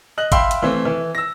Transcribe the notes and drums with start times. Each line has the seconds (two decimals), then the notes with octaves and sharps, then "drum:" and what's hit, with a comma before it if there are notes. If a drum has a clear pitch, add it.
0.18 D#5 F#6 F#7
0.32 E5 F5 G5 B5 C6 E6, drum: kick G#1, hi-hat
0.51 drum: hi-hat
0.62 E3 A3 C4
0.85 E3
1.15 E6 A#6